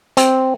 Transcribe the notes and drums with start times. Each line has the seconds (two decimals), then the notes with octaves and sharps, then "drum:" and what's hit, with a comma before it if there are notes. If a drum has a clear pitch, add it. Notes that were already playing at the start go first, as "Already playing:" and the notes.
0.17 C4, drum: hi-hat